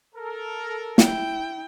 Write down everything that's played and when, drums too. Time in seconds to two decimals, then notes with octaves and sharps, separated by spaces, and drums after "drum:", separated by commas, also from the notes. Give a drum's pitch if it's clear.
0.15 A4 A#4
0.98 E4 G5, drum: snare